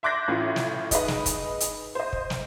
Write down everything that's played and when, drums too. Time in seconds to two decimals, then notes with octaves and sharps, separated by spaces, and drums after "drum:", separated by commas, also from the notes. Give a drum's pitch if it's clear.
0.03 E5 C6 D6 F#6 G6 A#6
0.28 A1 A2 C#4 E4 F4
0.56 drum: snare
0.91 D#4 G#4 B4 D#5, drum: kick, hi-hat
1.08 drum: snare
1.26 drum: kick, hi-hat
1.60 drum: hi-hat
1.95 C5 D#5
2.13 drum: kick
2.30 drum: snare